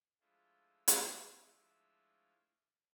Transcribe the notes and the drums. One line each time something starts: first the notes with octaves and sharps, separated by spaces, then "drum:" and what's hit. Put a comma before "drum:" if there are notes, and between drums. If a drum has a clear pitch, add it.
F3 G#3 A3 D4 E4 F4
drum: hi-hat